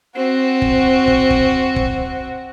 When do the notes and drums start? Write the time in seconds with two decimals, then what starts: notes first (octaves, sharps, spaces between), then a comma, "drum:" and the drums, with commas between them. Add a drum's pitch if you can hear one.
0.16 C4 F#4
0.62 drum: kick
1.08 drum: kick
1.30 drum: kick
1.76 drum: kick